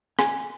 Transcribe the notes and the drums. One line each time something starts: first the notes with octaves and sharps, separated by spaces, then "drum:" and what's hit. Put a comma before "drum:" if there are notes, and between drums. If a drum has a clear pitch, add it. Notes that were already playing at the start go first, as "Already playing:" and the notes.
G#5, drum: rim click